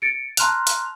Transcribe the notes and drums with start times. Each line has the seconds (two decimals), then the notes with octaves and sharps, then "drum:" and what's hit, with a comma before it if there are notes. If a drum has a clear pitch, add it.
0.02 A6 C#7 D7
0.37 A5 A#5 C6 F6 F#6 F7, drum: hi-hat
0.67 drum: hi-hat